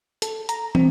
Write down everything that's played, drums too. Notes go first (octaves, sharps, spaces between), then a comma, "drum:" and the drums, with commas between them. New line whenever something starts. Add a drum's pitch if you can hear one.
A4, drum: hi-hat
A#5, drum: hi-hat
C4, drum: tom